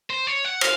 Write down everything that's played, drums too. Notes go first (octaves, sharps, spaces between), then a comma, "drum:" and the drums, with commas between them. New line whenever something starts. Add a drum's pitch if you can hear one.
C5
C#5
F#5
F5, drum: cymbal